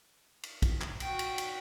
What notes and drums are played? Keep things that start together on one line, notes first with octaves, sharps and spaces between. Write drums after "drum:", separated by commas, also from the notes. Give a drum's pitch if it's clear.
drum: cymbal
drum: kick, cymbal
drum: clap
F#4 G5, drum: cymbal
drum: cymbal
drum: cymbal